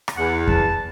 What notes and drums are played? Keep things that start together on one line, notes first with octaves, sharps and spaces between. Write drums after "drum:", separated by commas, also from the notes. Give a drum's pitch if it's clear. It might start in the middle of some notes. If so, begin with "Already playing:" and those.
drum: rim click
E2 F#5
A5, drum: kick F2